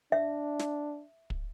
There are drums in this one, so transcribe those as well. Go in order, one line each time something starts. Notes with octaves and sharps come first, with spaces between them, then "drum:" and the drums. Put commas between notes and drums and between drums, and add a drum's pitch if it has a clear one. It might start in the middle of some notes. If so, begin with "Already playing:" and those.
D4 E5
drum: snare
drum: kick